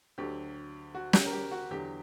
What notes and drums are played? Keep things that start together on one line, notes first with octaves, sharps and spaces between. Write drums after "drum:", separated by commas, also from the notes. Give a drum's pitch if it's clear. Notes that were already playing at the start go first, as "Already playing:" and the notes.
D2 D3 F#3 G4
F#4
G4, drum: snare
A#4
G4
F#4
E2 D3 F#3 G4